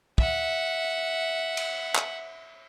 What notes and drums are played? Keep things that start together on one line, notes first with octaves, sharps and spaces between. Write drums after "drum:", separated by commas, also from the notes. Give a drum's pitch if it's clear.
E5 F#5, drum: kick
drum: cymbal
drum: clap